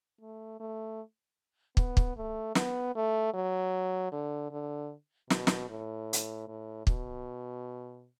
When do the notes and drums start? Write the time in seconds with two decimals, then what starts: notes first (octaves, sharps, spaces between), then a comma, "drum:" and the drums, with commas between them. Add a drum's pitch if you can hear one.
0.21 A3
0.60 A3
1.77 B3, drum: kick
1.97 drum: kick
2.17 A3
2.55 B3, drum: snare
2.95 A3
3.34 F#3
4.12 D3
4.51 D3
5.30 B2, drum: snare
5.47 drum: snare
5.69 A2
6.13 drum: hi-hat
6.48 A2
6.87 B2, drum: kick